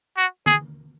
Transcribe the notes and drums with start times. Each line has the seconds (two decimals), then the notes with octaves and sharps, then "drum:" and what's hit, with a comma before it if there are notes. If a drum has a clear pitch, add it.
0.17 F#4
0.46 G#4, drum: tom D3